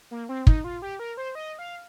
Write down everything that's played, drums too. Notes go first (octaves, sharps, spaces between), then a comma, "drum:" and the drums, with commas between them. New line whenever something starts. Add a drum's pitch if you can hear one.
A#3
C4
D#4, drum: kick
F4
G4
A#4
C5
D#5
F5